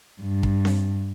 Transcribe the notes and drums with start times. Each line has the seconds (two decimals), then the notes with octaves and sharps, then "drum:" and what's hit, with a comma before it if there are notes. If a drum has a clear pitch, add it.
0.22 G2
0.43 drum: kick
0.65 drum: snare C4